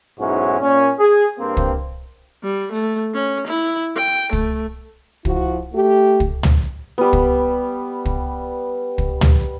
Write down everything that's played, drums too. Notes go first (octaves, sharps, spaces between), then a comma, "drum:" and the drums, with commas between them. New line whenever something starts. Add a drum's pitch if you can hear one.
B1 G#2 C#4 E4 F#4
A#2 C#4
G#4
G2 A#3 C4
drum: kick
G3
A3
C#4
E4
G5
A3, drum: kick
F3 E4 F#4, drum: kick
A3 G4
drum: kick
drum: tom
G3 B3
drum: kick
drum: kick
drum: kick
drum: tom